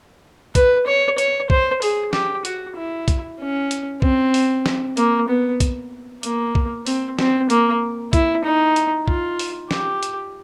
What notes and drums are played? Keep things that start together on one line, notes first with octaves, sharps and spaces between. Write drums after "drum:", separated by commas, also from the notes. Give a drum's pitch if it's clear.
B4, drum: kick, hi-hat
C#5
C#5, drum: hi-hat
C5, drum: kick
G#4, drum: open hi-hat
G4, drum: snare
F#4, drum: hi-hat
E4
drum: kick, hi-hat
C#4
drum: hi-hat
C4, drum: kick
drum: open hi-hat
drum: snare
A#3, drum: hi-hat
B3
drum: kick, hi-hat
A#3, drum: hi-hat
drum: kick
C4, drum: open hi-hat
C4, drum: snare
A#3, drum: hi-hat
E4, drum: kick, hi-hat
D#4
drum: hi-hat
F4, drum: kick
drum: open hi-hat
G4, drum: snare
drum: hi-hat